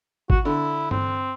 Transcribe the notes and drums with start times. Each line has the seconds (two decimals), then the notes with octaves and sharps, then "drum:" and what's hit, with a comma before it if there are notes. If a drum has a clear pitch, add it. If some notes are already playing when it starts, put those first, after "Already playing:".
0.30 F#4, drum: kick G#1
0.45 D3 E4
0.91 C4, drum: tom G2